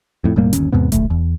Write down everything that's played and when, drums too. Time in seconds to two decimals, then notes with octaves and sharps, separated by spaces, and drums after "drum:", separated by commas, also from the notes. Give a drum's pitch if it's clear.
0.24 F2 A2
0.36 E1 A2 G3 A#3
0.53 G1 D#2 C#4, drum: hi-hat
0.72 E2 G#2 C3 B3
0.92 D1 A#1 A3, drum: kick D#1, hi-hat
1.10 E2